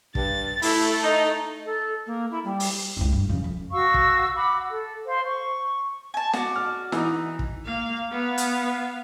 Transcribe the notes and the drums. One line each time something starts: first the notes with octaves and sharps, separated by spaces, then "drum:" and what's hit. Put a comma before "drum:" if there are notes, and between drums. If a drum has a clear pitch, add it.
G2 A6, drum: kick
A3 E4, drum: open hi-hat
D#4
A4
A#3
E4
G3
drum: open hi-hat
F#1 C#2
G2
F2 C#3
F2
F#4 F5 C#6 E6
drum: kick
F#5 B5 D6 E6
A4
C5 F5
C#6
G#5 A5
F#4 D5, drum: snare
F6
E3 D#4, drum: snare
drum: kick
A#3 F5
B3 F5
drum: hi-hat